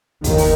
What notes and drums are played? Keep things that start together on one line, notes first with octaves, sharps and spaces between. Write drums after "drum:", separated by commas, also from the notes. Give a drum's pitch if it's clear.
D#2 D#3, drum: kick, hi-hat
drum: open hi-hat